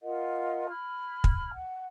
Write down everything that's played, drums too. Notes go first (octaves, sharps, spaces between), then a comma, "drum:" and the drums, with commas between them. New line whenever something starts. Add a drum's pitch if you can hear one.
F4 A#4 D#5 F#5
B5 F6 G#6
drum: kick
F#5